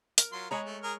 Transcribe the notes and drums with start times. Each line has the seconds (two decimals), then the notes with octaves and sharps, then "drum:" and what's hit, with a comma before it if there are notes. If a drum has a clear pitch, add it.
0.18 A#4, drum: hi-hat
0.32 F#3 F4 C6
0.51 G#3 G#4 C#5 A#5 B5
0.66 A3
0.83 G#4 A#4